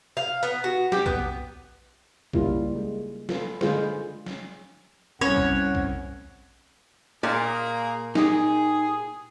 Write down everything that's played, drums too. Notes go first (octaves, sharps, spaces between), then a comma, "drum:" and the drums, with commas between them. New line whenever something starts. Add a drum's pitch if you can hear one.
F5
B3, drum: hi-hat
F#4
G4, drum: snare
B3, drum: kick A#1
C#3 G3 A#3 E4 F4, drum: kick A#1
G#3
F4 A4 B4, drum: snare
D3 G#3 F4 G#4 B4 C5, drum: snare
drum: snare
C2 C#4 C#5 F#5
drum: kick A#1
drum: kick A#1
A#2 A#3 G#4 D5
D#4 G4 G#4, drum: snare